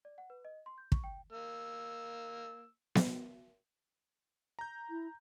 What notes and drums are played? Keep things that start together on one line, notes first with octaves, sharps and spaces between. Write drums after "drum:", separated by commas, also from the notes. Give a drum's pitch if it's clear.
D5
F#5
B4
D#5
C6
G6
C#6, drum: kick
G5
A#3 E6
drum: snare B3
A#5 G6
E4